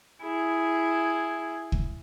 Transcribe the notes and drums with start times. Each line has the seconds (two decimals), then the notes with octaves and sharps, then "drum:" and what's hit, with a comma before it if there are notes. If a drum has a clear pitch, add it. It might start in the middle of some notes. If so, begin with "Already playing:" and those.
0.22 E4 G#4
1.72 drum: kick